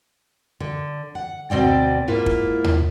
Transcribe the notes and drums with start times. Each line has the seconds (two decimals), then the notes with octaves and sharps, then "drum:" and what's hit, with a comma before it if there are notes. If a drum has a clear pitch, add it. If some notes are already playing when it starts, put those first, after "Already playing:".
0.60 D3
1.15 F#5
1.50 D2 B2 C4 D5 G5
2.08 G#2 A#3 E4 F4
2.26 drum: kick
2.64 drum: tom D#2